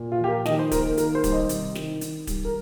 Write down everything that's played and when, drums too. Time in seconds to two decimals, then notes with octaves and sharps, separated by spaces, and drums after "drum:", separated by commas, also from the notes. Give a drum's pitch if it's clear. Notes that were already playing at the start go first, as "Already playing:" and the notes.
Already playing: A#2
0.12 F4
0.19 F3 G4
0.28 A#4
0.46 D#3 D#5, drum: snare
0.59 C5
0.71 A#3 A#4, drum: kick D1, hi-hat
0.98 D#3 A#4, drum: hi-hat
1.15 C5
1.24 G3, drum: kick D1, hi-hat
1.32 D#5
1.49 C3, drum: hi-hat
1.75 D#3, drum: snare
2.01 D#3, drum: hi-hat
2.27 G3, drum: kick D1, hi-hat
2.45 A#4